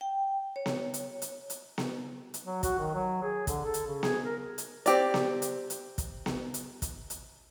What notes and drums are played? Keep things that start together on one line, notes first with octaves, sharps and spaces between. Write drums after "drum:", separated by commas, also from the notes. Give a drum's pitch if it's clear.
G5
C#5
drum: snare B3
drum: hi-hat
drum: hi-hat
drum: hi-hat
drum: snare B3
drum: hi-hat
F#3
F#4, drum: kick, hi-hat
D#3
F#3
G#4
D3, drum: kick, hi-hat
A4
drum: hi-hat
C#3
G#4, drum: snare B3
A#4
drum: hi-hat
C4 G4 D5, drum: hi-hat
drum: snare B3
drum: hi-hat
drum: hi-hat
drum: kick, hi-hat
drum: snare B3
drum: hi-hat
drum: kick, hi-hat
drum: hi-hat